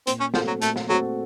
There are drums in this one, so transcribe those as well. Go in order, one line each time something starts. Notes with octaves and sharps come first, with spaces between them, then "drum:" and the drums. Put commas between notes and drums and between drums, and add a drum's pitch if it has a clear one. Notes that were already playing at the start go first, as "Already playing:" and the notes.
A#2 C4, drum: hi-hat
C#4
F3 A3 C4 F#4 A4, drum: snare
F#3
A#2 A3, drum: hi-hat
drum: snare
F#3 A3 C4 F#4 A4